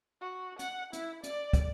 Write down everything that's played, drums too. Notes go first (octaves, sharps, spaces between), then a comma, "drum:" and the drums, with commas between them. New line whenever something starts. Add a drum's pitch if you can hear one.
F#4
F#5, drum: hi-hat
E4, drum: hi-hat
D5, drum: hi-hat
drum: kick, hi-hat